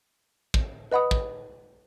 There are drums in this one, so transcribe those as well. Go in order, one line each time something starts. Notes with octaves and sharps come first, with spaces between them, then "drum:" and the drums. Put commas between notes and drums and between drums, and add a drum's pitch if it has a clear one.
drum: kick
B4 D#5 F#5 B5 D#6
drum: kick